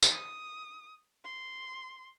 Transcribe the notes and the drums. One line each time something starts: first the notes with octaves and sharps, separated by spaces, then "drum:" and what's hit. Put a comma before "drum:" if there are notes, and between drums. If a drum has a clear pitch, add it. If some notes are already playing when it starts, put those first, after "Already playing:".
drum: tambourine
D#6
C6